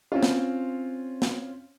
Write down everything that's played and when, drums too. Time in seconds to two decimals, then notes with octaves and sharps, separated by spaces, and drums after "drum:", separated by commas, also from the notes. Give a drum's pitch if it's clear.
0.12 C4 C#4 F4
0.23 drum: snare
1.22 drum: snare